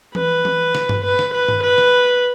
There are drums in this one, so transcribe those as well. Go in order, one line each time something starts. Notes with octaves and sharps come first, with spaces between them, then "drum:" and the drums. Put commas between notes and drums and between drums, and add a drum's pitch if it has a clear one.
B4, drum: tom E3
drum: tom E3
drum: snare
drum: tom G2
B4
drum: snare
B4
drum: tom G2
B4
drum: snare